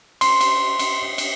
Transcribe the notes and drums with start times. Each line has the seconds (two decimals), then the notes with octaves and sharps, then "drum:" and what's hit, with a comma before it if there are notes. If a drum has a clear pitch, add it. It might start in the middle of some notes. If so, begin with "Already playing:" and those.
0.21 C6, drum: cymbal
0.41 drum: cymbal
0.79 drum: cymbal
1.18 drum: cymbal